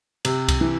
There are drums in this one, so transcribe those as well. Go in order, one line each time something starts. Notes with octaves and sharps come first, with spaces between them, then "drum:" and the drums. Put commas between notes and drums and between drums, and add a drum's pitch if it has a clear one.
C3, drum: cymbal
drum: kick C2, cymbal
E3